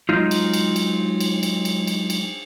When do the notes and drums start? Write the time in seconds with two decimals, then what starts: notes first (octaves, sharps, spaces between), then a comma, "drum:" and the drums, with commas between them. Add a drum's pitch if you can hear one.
0.09 F#3 G#3 D#4 F4
0.31 drum: cymbal
0.54 drum: cymbal
0.76 drum: cymbal
1.20 drum: cymbal
1.43 drum: cymbal
1.65 drum: cymbal
1.87 drum: cymbal
2.10 drum: cymbal